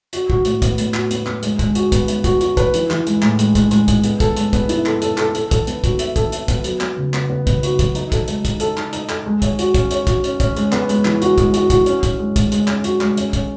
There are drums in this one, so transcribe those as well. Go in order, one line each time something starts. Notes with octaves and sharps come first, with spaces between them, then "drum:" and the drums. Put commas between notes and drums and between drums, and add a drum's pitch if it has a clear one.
F#4, drum: hi-hat
F#4, drum: kick
A2, drum: hi-hat
B3, drum: kick, hi-hat
A2, drum: hi-hat
F#4, drum: clap
B3, drum: hi-hat
B3, drum: clap
G#3, drum: hi-hat
G#3, drum: kick, hi-hat
F#4, drum: hi-hat
B3, drum: kick, hi-hat
G#3, drum: hi-hat
F#4, drum: kick, hi-hat
F#4, drum: hi-hat
B4, drum: kick, hi-hat
E3, drum: hi-hat
E3, drum: clap
G#3, drum: hi-hat
A2, drum: clap
G#3, drum: hi-hat
G#3, drum: kick, hi-hat
G#3, drum: hi-hat
G#3, drum: kick, hi-hat
B3, drum: hi-hat
A4, drum: kick, hi-hat
G#3, drum: hi-hat
B3, drum: kick, hi-hat
E4, drum: hi-hat
A4, drum: clap
A4, drum: hi-hat
A4, drum: clap
A4, drum: hi-hat
A4, drum: kick, hi-hat
B3, drum: hi-hat
F#4, drum: kick, hi-hat
E5, drum: hi-hat
A4, drum: kick, hi-hat
E5, drum: hi-hat
B3, drum: kick, hi-hat
F#3, drum: hi-hat
B3, drum: clap
C#3
B3, drum: clap
B3
B3, drum: kick, hi-hat
F#4, drum: hi-hat
F#3, drum: kick, hi-hat
D#4, drum: hi-hat
A4, drum: kick, hi-hat
G#3, drum: hi-hat
D#4, drum: kick, hi-hat
A4, drum: hi-hat
D#4, drum: clap
D#4, drum: hi-hat
A4, drum: clap
G#3
C#5, drum: kick, hi-hat
F#4, drum: hi-hat
C#4, drum: kick, hi-hat
C#5, drum: hi-hat
F#4, drum: kick, hi-hat
C#4, drum: hi-hat
C#4, drum: kick, hi-hat
G#3, drum: hi-hat
B3, drum: clap
G#3, drum: hi-hat
E3, drum: clap
F#4, drum: hi-hat
G#3, drum: kick, hi-hat
F#4, drum: hi-hat
F#4, drum: kick, hi-hat
C#4, drum: hi-hat
C#4, drum: kick, hi-hat
G#3
G#3, drum: kick, hi-hat
G#3, drum: hi-hat
C#4, drum: clap
F#4, drum: hi-hat
G#3, drum: clap
C#4, drum: hi-hat
C#4, drum: kick, hi-hat